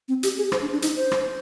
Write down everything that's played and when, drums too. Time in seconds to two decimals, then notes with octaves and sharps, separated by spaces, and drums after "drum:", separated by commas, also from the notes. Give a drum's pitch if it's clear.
0.08 C4
0.23 G4, drum: hi-hat
0.38 G#4
0.52 C5, drum: rim click
0.62 D4
0.73 D4
0.82 D#4, drum: hi-hat
0.96 C5
1.12 drum: rim click